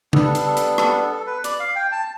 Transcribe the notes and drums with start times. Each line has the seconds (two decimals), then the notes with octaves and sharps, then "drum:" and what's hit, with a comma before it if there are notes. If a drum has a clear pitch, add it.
0.13 G3 B3 D4 A4, drum: tom C#3
0.35 drum: hi-hat
0.46 A4
0.57 drum: hi-hat
0.78 A4, drum: rim click
0.95 A4
1.11 A4
1.27 B4
1.44 D5, drum: hi-hat
1.60 F5
1.76 G5
1.92 A5